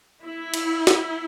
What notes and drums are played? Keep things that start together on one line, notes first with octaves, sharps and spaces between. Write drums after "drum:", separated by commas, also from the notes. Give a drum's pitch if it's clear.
E4
drum: cymbal
drum: snare